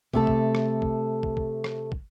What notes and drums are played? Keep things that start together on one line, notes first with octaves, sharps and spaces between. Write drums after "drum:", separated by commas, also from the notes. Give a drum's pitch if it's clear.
C3 A3 A4, drum: kick
drum: kick
drum: rim click
drum: kick
drum: kick
drum: kick
drum: rim click
drum: kick